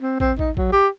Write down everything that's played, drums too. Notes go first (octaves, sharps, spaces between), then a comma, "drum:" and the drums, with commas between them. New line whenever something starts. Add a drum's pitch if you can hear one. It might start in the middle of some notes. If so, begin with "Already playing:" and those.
C4
C4, drum: kick
D#4, drum: kick
F#3, drum: kick
G4